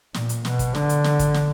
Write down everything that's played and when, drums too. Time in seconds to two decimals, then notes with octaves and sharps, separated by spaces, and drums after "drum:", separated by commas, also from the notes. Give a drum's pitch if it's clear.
0.14 A#2, drum: snare
0.29 drum: hi-hat
0.45 B2, drum: snare
0.59 drum: kick, hi-hat
0.75 D3, drum: snare
0.89 drum: hi-hat
1.04 drum: snare
1.19 drum: kick, hi-hat
1.34 drum: snare